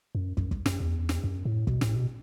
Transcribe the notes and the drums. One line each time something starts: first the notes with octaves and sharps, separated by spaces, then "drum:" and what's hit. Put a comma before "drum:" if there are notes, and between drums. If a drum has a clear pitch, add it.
F#2
F#2, drum: kick
drum: kick
F#2, drum: snare
E2
drum: snare
F#2
A2
B2, drum: kick
A2, drum: snare
B2